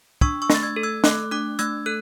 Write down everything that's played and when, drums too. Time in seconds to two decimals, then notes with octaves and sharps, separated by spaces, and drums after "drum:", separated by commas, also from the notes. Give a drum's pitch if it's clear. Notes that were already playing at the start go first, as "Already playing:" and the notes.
0.21 D4 C#6 E6, drum: kick
0.42 C#6 E6
0.50 A3 A6, drum: snare
0.63 E6 G#6
0.76 A4
0.83 E6 G#6
1.04 A3 D6 F#6, drum: snare
1.31 D4 D6 F#6
1.59 A3 E6 G#6, drum: hi-hat
1.86 A4 F#6